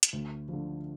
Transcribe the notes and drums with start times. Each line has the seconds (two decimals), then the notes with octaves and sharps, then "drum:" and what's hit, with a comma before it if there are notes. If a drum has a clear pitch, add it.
0.03 drum: hi-hat
0.13 D2
0.48 D3 F3